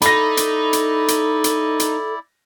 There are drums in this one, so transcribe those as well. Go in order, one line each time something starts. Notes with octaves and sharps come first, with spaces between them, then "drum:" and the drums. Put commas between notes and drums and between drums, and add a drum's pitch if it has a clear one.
D#4 E4 A4 D5 B5 A#6, drum: hi-hat
drum: hi-hat
drum: hi-hat
drum: hi-hat
drum: hi-hat
drum: hi-hat